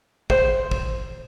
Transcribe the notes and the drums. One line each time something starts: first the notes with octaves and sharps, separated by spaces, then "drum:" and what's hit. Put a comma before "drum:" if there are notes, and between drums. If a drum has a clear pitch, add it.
C5, drum: kick
drum: kick